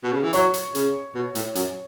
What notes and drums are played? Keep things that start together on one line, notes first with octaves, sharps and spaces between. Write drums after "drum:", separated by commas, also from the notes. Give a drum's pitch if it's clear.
B2
C#3
E3
F#3 C#5 C#6, drum: hi-hat
drum: hi-hat
C#3, drum: hi-hat
B2
A2, drum: hi-hat
F#2, drum: hi-hat